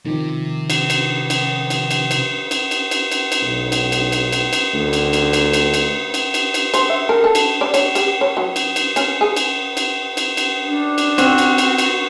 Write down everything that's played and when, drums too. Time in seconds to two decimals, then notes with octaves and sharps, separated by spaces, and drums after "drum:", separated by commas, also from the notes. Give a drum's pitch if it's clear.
0.06 C3 D#3 F3 G4
0.70 drum: cymbal
0.90 drum: cymbal
1.30 drum: cymbal
1.70 drum: cymbal
1.91 drum: cymbal
2.11 drum: cymbal
2.51 drum: cymbal
2.71 drum: cymbal
2.91 drum: cymbal
3.12 drum: cymbal
3.32 drum: cymbal
3.42 B1
3.72 drum: cymbal
3.92 drum: cymbal
4.12 drum: cymbal
4.32 drum: cymbal
4.53 drum: cymbal
4.74 D2
4.93 drum: cymbal
5.13 drum: cymbal
5.33 drum: cymbal
5.53 drum: cymbal
5.74 drum: cymbal
6.14 drum: cymbal
6.34 drum: cymbal
6.54 drum: cymbal
6.74 C5, drum: cymbal
6.90 E5
7.09 A#4
7.24 A4
7.35 drum: cymbal
7.61 D5
7.74 C#5, drum: cymbal
7.95 G4, drum: cymbal
8.21 C#5
8.37 F#3
8.56 drum: cymbal
8.76 drum: cymbal
8.96 C#4, drum: cymbal
9.21 G#4
9.36 drum: cymbal
9.77 drum: cymbal
10.17 drum: cymbal
10.37 drum: cymbal
10.66 D4
10.98 drum: cymbal
11.18 C4 F#4, drum: cymbal
11.38 drum: cymbal
11.58 drum: cymbal
11.78 drum: cymbal